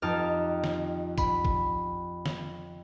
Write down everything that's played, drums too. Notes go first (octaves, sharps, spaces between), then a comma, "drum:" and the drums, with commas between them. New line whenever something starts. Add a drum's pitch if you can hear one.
F2 D#4 G4 A5 F6
drum: snare
B5, drum: kick, tambourine
drum: kick
drum: snare